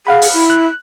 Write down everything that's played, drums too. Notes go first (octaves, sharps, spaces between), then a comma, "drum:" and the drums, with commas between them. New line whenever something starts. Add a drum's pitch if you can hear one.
G#4 F5 F#5 B5
drum: open hi-hat
E4
F#6